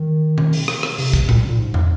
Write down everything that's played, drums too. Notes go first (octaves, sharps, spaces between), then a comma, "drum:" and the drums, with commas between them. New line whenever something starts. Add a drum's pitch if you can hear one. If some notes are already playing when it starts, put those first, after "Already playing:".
Already playing: D#3
drum: tom B2
drum: open hi-hat
drum: rim click
drum: rim click
C3, drum: open hi-hat
drum: kick, hi-hat
A#2, drum: tom A2
A#2
G#2
drum: tom